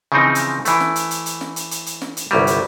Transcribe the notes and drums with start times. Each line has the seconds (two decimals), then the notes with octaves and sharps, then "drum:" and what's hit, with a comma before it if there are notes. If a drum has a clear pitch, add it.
0.12 C#3 E3 F3 C4 D#4
0.35 drum: hi-hat
0.65 E3 A3, drum: hi-hat
0.80 drum: snare
0.96 drum: hi-hat
1.11 drum: hi-hat
1.26 drum: hi-hat
1.41 drum: snare
1.56 drum: hi-hat
1.71 drum: hi-hat
1.86 drum: hi-hat
2.02 drum: snare
2.17 drum: hi-hat
2.31 G1 C2 F#3 G3
2.47 drum: hi-hat